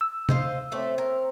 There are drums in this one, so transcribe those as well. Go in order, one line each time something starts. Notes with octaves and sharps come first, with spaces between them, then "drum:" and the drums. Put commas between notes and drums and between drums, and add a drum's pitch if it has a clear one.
E6
C5 D#5 F5, drum: tom C3
A3 C4 C#5 E5 D6
A#4